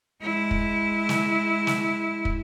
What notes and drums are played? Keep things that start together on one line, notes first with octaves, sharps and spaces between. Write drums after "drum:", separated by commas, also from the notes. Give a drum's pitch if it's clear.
G#3 E4
drum: kick
drum: snare
drum: snare
drum: kick